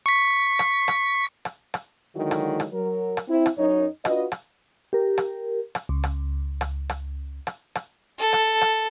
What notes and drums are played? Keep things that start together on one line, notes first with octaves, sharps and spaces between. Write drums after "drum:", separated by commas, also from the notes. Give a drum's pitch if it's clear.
C#6 B6
drum: rim click
drum: rim click
drum: rim click
drum: rim click
D3 D#3 F#3 G#3 E4 F#4
drum: rim click
drum: rim click
F#3 A#4
drum: rim click
C4 E4
drum: rim click
F#2 D#4 C#5
D4 F4 F#4 B4 D#5, drum: rim click
drum: rim click
G4 A#4
drum: rim click
drum: rim click
C#2
drum: rim click
drum: rim click
drum: rim click
drum: rim click
drum: rim click
A4
drum: rim click
drum: rim click